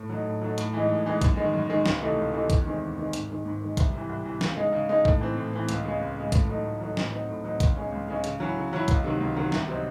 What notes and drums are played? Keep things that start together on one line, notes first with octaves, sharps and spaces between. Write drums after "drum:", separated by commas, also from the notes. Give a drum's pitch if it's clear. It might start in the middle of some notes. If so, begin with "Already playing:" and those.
Already playing: A2
F#3 A3 D#4
A2
F#3 A3 D#4
A2, drum: hi-hat
E3 G#3 D#4
A2
E3 G#3 D#4
F#2, drum: kick A#1, hi-hat
D#3 G#3
F#2
D#3 G#3
C#2, drum: snare
C3 E3 A3 D#4
C#2
C3 E3 A3 D#4
E2, drum: kick A#1, hi-hat
D#3 G#3 C4
E2
D#3 G#3 C4
G#2, drum: hi-hat
D#3 G#3
G#2
D#3 G#3
C2, drum: kick A#1, hi-hat
C3 E3
C2
C3 E3
C#3, drum: snare
G#3 D#4
C#3
G#3 D#4
A2, drum: kick A#1
E3 C4
A2
E3 C4
C#2, drum: hi-hat
C#3 G#3
C#2
C#3 G#3
A2, drum: kick A#1, hi-hat
F#3 A3 D#4
A2
F#3 A3 D#4
A2, drum: snare
F#3 C4 D#4
A2
F#3 C4 D#4
C#2, drum: kick A#1, hi-hat
C#3 G#3 C#4
C#2
C#3 G#3 C#4
C#3, drum: hi-hat
F#3 C#4 E4
C#3
F#3 C#4 E4
C#2, drum: kick A#1, hi-hat
C3 D#3 F#3
C#2
C3 D#3 F#3
C2, drum: snare
C3 F#3 C4 D#4